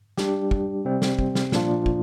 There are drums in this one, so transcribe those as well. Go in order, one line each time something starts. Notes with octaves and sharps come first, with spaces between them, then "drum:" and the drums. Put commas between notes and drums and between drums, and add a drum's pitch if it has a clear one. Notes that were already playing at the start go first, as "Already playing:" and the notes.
G3 D4 G4, drum: snare
drum: kick
C3 G3 C4
drum: snare
drum: kick
drum: snare
A#2 F3 D4 F4, drum: snare
drum: kick